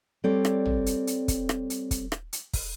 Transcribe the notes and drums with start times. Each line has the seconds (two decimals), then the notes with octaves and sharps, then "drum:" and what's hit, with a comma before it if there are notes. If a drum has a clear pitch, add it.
0.24 G3 C4 A4 C#5 D5
0.45 drum: rim click
0.66 drum: tom
0.86 drum: hi-hat
1.07 drum: hi-hat
1.28 drum: kick, hi-hat
1.49 drum: rim click
1.70 drum: hi-hat
1.91 drum: kick, hi-hat
2.12 drum: rim click
2.33 drum: hi-hat
2.53 drum: kick, open hi-hat